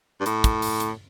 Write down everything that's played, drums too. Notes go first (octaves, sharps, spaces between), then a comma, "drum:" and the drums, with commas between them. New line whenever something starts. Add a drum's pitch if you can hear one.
G2
A2, drum: hi-hat
drum: kick, hi-hat
drum: open hi-hat
drum: hi-hat